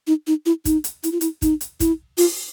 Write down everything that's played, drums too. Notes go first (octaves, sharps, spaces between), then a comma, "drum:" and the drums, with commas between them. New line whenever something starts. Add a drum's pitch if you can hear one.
D#4
D#4
E4
D#4, drum: kick, hi-hat
drum: hi-hat
E4, drum: hi-hat
F4
E4, drum: hi-hat
D#4, drum: kick, hi-hat
drum: hi-hat
E4, drum: kick, hi-hat
F4, drum: open hi-hat